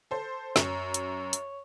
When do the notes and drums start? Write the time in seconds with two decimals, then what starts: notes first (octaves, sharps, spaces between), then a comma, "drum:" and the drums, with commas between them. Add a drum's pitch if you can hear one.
0.11 A4 C5
0.56 F#2 C#5, drum: snare
0.94 drum: hi-hat
1.33 drum: hi-hat